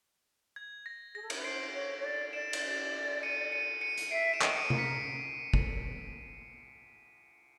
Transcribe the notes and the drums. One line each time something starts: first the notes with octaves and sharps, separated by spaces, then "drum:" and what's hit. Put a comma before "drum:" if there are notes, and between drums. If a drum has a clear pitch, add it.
G#6
A#6
G#4 A#6
A4
A#4, drum: cymbal
B4
C5 C7 D7
C#5
C#5
D5
D5 D7 E7
drum: cymbal
C#7 D#7
C#7 D#7
C#7 D#7
drum: hi-hat
E5 C7 D7
D7 E7
D#5, drum: clap
C#7 D#7
A#4, drum: tom C3
B6 C#7
drum: kick